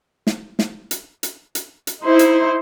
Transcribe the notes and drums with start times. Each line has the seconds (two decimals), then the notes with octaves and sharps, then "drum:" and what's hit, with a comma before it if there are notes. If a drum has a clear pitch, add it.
0.27 drum: snare
0.59 drum: snare
0.91 drum: hi-hat
1.23 drum: hi-hat
1.55 drum: hi-hat
1.87 drum: hi-hat
2.03 D#4 E4 C5
2.19 drum: hi-hat